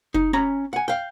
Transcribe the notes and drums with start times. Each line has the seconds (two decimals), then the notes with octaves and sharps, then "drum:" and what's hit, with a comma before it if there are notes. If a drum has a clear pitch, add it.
0.14 D#4, drum: kick F#1
0.33 C#4 A#5 B5
0.73 F#5 G#5
0.88 F5 G5